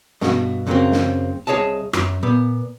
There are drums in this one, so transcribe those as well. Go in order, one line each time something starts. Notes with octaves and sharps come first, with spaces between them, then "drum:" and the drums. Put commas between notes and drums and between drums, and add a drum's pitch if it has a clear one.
G2 B2 F#4, drum: snare
F#2 C#3 F#3 A3 A#3 C4
drum: snare
C2 G#4 C#5 D#5 A5
F#2, drum: rim click
A#2 B3